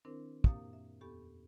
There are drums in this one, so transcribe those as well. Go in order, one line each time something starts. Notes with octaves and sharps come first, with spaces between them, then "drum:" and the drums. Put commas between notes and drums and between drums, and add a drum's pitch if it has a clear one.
D#3 C4 D4 E4 A#4 C5
F#2 A#2 A#3 G4 F5 D#6, drum: kick
E5
E2 B3 G4 A4 B5 C#6